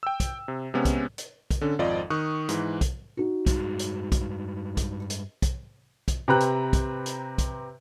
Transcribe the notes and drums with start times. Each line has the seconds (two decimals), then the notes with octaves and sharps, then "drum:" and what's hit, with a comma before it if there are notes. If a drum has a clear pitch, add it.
0.03 G5 E6
0.20 drum: kick, hi-hat
0.48 C3
0.74 C3 G#3 B3 C#4
0.85 drum: kick, hi-hat
1.18 drum: hi-hat
1.51 drum: kick, hi-hat
1.61 D3 C#4 D4 A4
1.79 G#1 F2 F4 D5 D#5
2.10 D#3 C#6 D#6 F#6
2.49 G#2 E3, drum: hi-hat
2.81 drum: kick, hi-hat
3.17 D#4 F#4
3.46 G2 G#3, drum: kick, hi-hat
3.79 drum: hi-hat
4.12 drum: kick, hi-hat
4.77 drum: kick, hi-hat
5.10 drum: hi-hat
5.42 drum: kick, hi-hat
6.08 drum: kick, hi-hat
6.28 C3 C4 B4 A#5 F#6
6.40 drum: hi-hat
6.73 drum: kick, hi-hat
7.06 drum: hi-hat
7.38 drum: kick, hi-hat